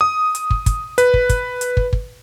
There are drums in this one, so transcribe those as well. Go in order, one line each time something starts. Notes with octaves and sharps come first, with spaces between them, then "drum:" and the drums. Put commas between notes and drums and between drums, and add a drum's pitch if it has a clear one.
D#6
drum: hi-hat
drum: kick
drum: kick, hi-hat
B4, drum: hi-hat
drum: kick
drum: kick, hi-hat
drum: hi-hat
drum: kick
drum: kick